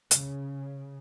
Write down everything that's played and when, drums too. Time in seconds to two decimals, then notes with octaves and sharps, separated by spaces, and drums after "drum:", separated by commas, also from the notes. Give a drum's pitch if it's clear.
0.11 C#3, drum: hi-hat